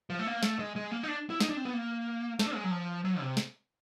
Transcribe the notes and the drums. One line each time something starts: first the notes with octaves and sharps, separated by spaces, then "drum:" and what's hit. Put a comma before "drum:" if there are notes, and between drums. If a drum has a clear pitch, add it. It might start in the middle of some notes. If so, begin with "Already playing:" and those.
F3
A3
A#3
A3, drum: snare
G#3
G#3
A#3
D#4
D4
E4
D#4, drum: snare
D4
C4
B3
A#3
A3, drum: snare
D4
G#3
F#3
F3
F#3
C3
drum: snare